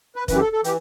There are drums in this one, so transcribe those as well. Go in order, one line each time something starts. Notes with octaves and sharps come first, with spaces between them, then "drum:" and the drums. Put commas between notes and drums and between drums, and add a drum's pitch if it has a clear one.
B4
F#2 E3 B4, drum: kick, hi-hat
G4
A4
A4
E3 G4, drum: hi-hat